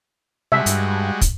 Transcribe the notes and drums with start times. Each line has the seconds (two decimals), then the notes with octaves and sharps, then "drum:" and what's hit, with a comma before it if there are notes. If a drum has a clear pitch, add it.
0.52 C3 G3 G#3 F#4 E5
0.66 G2, drum: hi-hat
1.21 drum: kick, hi-hat